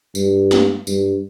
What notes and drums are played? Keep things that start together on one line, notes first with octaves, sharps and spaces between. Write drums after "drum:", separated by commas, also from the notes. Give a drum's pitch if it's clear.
G2, drum: tambourine
drum: snare G#3
G2, drum: tambourine